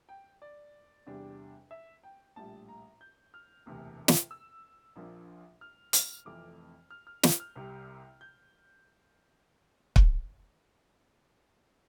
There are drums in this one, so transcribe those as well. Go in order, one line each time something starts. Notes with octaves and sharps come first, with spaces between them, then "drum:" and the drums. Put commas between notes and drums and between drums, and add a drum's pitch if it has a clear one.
G5
D5
E2 C3 G3 D4
E5
G5
A#1 A2 G3 A5
A#5
G6
F6
E1 D2 C3 E3
drum: snare
E6
A#1 A#2 F3 A#3 D4
F6
F6, drum: hi-hat
F1 F2 E3 A3 D6
F6
F6
G6, drum: snare
F6
C2 C3 G3
G6
drum: kick